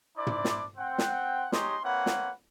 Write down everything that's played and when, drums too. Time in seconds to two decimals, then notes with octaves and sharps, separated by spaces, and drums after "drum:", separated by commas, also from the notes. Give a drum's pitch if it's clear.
0.17 D4 E4 C5 D5
0.27 drum: tom
0.45 drum: snare
0.77 C4 F#5 G5
0.98 drum: snare
1.52 G#3 D#4 G4 C#5 D#5 C6, drum: snare
1.83 A#3 C4 E4 B4 C#5 F#5
2.06 drum: snare